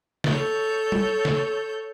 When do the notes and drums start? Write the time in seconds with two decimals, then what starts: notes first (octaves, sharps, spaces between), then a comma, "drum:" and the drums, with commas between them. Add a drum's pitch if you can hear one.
0.24 A4 C#5 G6, drum: snare
0.92 drum: tom G3
1.25 drum: snare